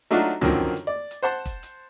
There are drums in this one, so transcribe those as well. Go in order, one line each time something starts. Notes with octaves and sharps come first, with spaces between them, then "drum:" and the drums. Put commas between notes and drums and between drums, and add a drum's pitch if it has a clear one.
F#3 A3 D4 D#4 F4 F#4
F#2 D3 D#3 F3 A#3 C4, drum: tom
drum: hi-hat
D5
drum: hi-hat
C5 F#5 A5 C6
drum: kick, hi-hat
drum: hi-hat